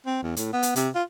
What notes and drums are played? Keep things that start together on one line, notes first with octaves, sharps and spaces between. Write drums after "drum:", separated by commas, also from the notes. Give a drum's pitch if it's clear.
C4
E2
A2, drum: hi-hat
B3
drum: hi-hat
C3, drum: hi-hat
F4